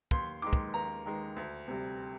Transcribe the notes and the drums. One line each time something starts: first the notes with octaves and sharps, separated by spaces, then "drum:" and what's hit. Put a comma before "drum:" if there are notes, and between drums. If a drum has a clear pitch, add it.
D#2 C6, drum: kick
D#3 G#3 D6
drum: kick
D#2 A#5
D#3 G#3
D2
C3 G3